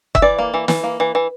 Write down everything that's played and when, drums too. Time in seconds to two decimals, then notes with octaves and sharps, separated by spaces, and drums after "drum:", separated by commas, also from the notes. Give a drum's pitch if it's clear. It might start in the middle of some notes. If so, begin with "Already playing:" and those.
0.15 E5, drum: kick F#1
0.22 E3 D5
0.38 A#3
0.54 E3
0.68 E3, drum: snare
0.83 A#3
1.00 E3
1.15 E3